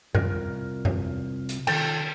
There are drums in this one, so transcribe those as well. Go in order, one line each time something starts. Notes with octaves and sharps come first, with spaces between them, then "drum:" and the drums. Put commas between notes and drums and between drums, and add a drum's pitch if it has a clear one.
C2 F4 A#4, drum: tom F#2
drum: tom F#2
drum: hi-hat
D#3 F4 A4 G5, drum: cymbal